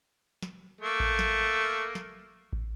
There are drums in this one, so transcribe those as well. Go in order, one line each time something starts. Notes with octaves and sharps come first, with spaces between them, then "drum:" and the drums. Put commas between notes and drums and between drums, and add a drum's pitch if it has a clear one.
drum: snare
A3 A#3
drum: kick A1
drum: snare
drum: snare
drum: kick A1